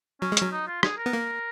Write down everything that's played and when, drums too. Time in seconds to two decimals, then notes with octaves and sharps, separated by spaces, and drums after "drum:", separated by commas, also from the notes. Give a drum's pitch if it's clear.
0.22 F#3 C#4
0.32 G#3
0.37 C#4, drum: hi-hat
0.42 F#3
0.52 D#4
0.68 F4
0.83 G#4, drum: rim click
0.98 A#4
1.06 B3
1.13 A#3